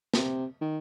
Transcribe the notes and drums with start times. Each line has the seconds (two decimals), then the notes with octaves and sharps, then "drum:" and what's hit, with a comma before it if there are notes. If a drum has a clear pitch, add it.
0.14 C3, drum: snare
0.61 D#3